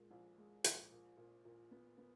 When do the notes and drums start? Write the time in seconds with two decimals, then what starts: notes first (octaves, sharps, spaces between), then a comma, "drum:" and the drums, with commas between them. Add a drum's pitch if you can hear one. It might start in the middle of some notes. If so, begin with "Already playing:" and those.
Already playing: A#2 G#3
0.11 A#1
0.38 G#3
0.64 A#1, drum: hi-hat
0.91 A#2
1.17 A#2
1.45 A#2
1.71 B3
1.98 B3